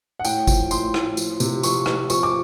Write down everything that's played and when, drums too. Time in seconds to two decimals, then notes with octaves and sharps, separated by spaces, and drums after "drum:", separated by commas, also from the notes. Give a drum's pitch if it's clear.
0.19 F#5
0.25 A2 G5, drum: tambourine
0.47 F3, drum: kick G#1, tambourine
0.71 A2 C6, drum: tambourine
0.94 A2, drum: rim click
1.17 F3, drum: tambourine
1.40 C3, drum: tambourine
1.63 F3 C#6, drum: tambourine
1.86 F3, drum: rim click
2.10 F3 C#6, drum: tambourine
2.23 D6